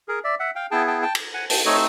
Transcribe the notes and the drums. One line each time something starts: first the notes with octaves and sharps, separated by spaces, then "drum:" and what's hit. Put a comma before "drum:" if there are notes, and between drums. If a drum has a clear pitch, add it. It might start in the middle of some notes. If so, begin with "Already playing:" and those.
G#4 A#4
D5 E5
E5 F#5
F5 G5
B3 E4 G#4 G5 A5
G5 A5
G5 A5
drum: cymbal
F#5 G#5
G5 A5, drum: open hi-hat
A3 C4 D#4 C#5 D#5